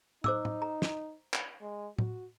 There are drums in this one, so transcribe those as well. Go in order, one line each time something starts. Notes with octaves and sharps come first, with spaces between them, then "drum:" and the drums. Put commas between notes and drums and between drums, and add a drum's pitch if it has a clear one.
D#4 C5 D6 E6, drum: tom
drum: tom
A#5
drum: snare
drum: clap
G#3
F#4, drum: tom A2